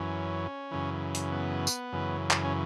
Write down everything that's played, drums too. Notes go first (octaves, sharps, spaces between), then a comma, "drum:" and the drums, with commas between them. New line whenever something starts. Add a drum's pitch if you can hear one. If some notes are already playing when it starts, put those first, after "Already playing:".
Already playing: F#2 E3 C#4
F#2 C#3 E3
drum: hi-hat
B3
drum: tambourine
F#2 C#3 E3
drum: clap
C#4